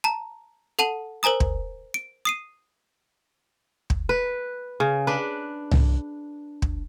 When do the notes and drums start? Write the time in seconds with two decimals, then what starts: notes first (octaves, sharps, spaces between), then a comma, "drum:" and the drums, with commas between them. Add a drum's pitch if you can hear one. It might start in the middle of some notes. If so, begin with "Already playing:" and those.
0.04 A5 A#5
0.79 A4 F#5 A5 D#7 F#7
1.23 A#4 C5 G#5 A#5 D#6
1.40 drum: kick
1.94 D7
2.25 D#6 C7 D#7
3.90 drum: kick
4.09 B4
4.80 C#3
5.07 D4 B4
5.71 drum: tom
6.62 drum: kick